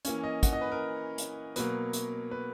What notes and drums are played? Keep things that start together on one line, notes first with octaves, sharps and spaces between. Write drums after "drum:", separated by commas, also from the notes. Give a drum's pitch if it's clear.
E3 A#3 C#4, drum: hi-hat
D#5
F#5, drum: kick, hi-hat
D#5
B4
A#4
drum: hi-hat
B2 F#3 A#3 B4, drum: hi-hat
drum: hi-hat
B4